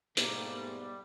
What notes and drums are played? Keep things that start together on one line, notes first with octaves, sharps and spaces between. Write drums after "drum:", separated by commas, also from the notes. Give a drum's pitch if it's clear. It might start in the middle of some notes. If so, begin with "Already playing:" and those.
G#2 B2 G3 A3 A#3, drum: hi-hat